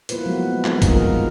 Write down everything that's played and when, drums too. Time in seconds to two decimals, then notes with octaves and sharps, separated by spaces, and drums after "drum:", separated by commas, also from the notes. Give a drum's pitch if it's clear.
0.09 A#3 E4 F4 B4 C5, drum: hi-hat
0.24 F3 F#3 G#3 A3 B3 F#4
0.50 C4
0.64 G3 G#3 B3 D#4 F4 G#4, drum: clap
0.82 drum: kick, hi-hat
0.91 C#3 F3 F4 A#4